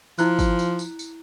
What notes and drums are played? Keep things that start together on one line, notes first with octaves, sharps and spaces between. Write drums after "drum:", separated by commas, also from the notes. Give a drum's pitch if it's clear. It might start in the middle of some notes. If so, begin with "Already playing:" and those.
F3 E4 A#5 F#6, drum: tambourine
drum: kick G#1, tambourine
drum: tambourine
drum: tambourine
drum: tambourine